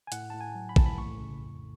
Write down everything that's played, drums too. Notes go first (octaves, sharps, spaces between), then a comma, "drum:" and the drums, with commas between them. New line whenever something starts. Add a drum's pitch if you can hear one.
G#5
A2 F#5, drum: hi-hat
A2 A5
G#5
F#3
B5
A2 A5, drum: kick
B5
A3 C#6
C#3
F2